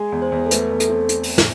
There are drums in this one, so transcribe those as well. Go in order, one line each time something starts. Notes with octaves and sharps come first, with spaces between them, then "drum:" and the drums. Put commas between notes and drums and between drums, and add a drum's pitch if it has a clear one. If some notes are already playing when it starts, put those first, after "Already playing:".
Already playing: G#3 G#4
E2
C5
E2
A4
A3 B4, drum: hi-hat
E2
A4, drum: hi-hat
C4
drum: hi-hat
drum: open hi-hat
drum: snare